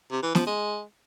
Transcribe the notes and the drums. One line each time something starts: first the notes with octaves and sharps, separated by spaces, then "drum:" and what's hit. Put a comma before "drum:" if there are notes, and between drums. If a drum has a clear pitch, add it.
C3
E3
F3, drum: snare
G#3